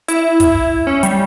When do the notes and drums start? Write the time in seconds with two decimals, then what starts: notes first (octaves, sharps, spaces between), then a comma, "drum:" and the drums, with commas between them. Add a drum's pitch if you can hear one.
0.08 E4, drum: hi-hat
0.40 drum: kick, hi-hat
0.87 C#4
1.03 G3, drum: hi-hat